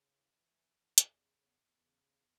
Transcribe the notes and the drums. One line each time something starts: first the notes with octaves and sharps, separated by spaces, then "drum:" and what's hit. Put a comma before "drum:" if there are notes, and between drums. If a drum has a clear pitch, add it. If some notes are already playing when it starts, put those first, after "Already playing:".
Already playing: C#3
E3
E3
E2
E2
E2, drum: hi-hat
C#3
E2
E2
C#3
E2